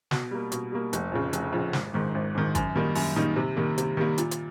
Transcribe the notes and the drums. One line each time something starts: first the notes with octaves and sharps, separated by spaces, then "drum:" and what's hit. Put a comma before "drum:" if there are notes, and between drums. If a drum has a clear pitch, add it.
B2, drum: snare
G3 A#3
B2, drum: hi-hat
G3 A#3
F1, drum: hi-hat
F2 C#3
F1, drum: hi-hat
F2 C#3
G#1, drum: snare
G#2 D#3
G#1
G#2 D#3
F#2, drum: kick G#1, hi-hat
D#3 G3 A#3 D#4
F#2, drum: open hi-hat
D#3 G3 A#3 D#4
C3
D#3 G3 A#3
C3, drum: hi-hat
D#3 G3 A#3
A#2, drum: hi-hat
drum: hi-hat